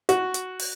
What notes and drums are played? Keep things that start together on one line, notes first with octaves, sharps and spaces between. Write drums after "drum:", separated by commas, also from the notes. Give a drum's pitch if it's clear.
F#4, drum: hi-hat
drum: hi-hat
drum: open hi-hat